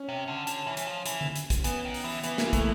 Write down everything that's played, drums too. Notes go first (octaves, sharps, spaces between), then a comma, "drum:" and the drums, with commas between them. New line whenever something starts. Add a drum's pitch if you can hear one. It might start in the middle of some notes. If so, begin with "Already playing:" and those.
Already playing: C#4
C3
D3
D3, drum: hi-hat
E3
E3, drum: hi-hat
F3
E3, drum: hi-hat
drum: tom D3
drum: hi-hat
drum: kick, hi-hat
E3 B3, drum: hi-hat
D#3
drum: open hi-hat
E3
E3 B3, drum: hi-hat
A#3, drum: snare
A3, drum: kick, hi-hat